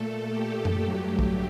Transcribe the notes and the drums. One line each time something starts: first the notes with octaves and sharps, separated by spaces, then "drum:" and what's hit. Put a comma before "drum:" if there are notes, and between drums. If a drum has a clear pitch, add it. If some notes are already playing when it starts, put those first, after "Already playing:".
Already playing: A#2 A3 A4
G4
drum: tom F#2
G2 F#3 A3
drum: kick